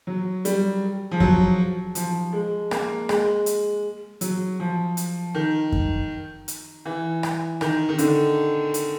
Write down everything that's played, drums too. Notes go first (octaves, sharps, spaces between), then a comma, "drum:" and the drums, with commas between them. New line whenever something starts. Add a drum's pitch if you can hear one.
F#3
G3, drum: hi-hat
F3
F#3, drum: kick F#2
F3, drum: hi-hat
G#3
A#3, drum: rim click
G#3, drum: rim click
drum: hi-hat
F#3, drum: hi-hat
F3
drum: hi-hat
D#3
drum: kick F#2
drum: hi-hat
E3
drum: rim click
D#3, drum: rim click
D#3
D3, drum: hi-hat
drum: hi-hat